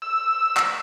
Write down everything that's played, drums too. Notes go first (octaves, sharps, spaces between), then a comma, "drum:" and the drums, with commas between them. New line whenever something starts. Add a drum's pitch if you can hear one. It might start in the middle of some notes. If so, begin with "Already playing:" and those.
E6
drum: clap